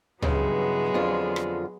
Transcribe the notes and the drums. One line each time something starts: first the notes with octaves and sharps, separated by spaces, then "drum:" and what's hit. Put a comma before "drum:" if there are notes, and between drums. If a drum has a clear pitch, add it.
G2 C#3 E3 F#3 G#3 B3, drum: tom
F2 D3 F4
drum: rim click